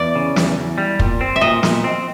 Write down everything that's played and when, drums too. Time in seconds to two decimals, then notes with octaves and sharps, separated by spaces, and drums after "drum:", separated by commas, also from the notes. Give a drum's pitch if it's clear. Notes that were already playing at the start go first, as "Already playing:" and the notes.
Already playing: E2 D5
0.16 C#3
0.36 E2, drum: snare
0.58 E2
0.78 G3
0.99 A#2, drum: kick
1.21 C4
1.36 E5
1.41 A#2 D#5
1.63 A#2, drum: snare
1.84 C4